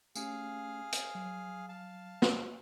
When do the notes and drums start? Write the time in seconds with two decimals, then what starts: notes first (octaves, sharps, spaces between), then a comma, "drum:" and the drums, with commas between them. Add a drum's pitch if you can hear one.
0.16 A3 C#4 G4 G#4 F5, drum: tambourine
0.92 drum: hi-hat
1.15 F#3
1.69 F5 A5
2.22 drum: snare